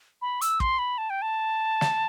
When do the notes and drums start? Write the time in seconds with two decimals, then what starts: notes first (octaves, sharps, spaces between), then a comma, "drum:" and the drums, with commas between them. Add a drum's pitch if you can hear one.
0.22 B5
0.41 E6, drum: hi-hat
0.60 C6, drum: kick
0.79 B5
0.98 A5
1.10 G5
1.22 A5
1.81 drum: snare